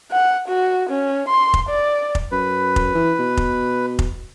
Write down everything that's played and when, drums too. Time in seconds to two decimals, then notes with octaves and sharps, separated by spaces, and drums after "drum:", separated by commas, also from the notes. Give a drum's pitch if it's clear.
0.12 F#5
0.48 F#4
0.89 C#4
1.28 C6
1.54 drum: kick F1
1.69 D5
2.15 drum: kick F1
2.32 F#2 B4
2.76 drum: kick F1
2.95 E3
3.19 B2
3.37 drum: kick F1
3.99 drum: kick F1